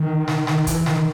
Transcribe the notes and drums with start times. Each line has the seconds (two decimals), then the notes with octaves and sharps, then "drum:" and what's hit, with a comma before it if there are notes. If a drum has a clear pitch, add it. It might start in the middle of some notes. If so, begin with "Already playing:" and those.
Already playing: D#3
0.28 drum: snare
0.47 drum: snare
0.67 E3, drum: kick, hi-hat
0.86 D#3, drum: snare